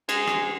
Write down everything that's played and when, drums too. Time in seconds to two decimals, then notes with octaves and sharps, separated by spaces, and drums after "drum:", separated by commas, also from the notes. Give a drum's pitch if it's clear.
0.09 G#3, drum: cymbal
0.27 drum: rim click